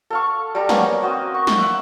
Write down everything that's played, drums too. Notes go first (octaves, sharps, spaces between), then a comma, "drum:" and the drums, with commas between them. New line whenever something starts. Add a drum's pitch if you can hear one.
A4 F5 C#6
G3 A4 A#5
A#3 B3 C#4, drum: snare
C4 F#4 D#5
C#6
drum: snare
E5 F#5